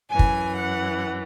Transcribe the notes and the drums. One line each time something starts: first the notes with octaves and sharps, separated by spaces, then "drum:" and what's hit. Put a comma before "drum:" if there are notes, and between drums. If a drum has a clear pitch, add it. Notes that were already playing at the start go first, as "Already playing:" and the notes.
F#2 E3 G#5
drum: kick
F#5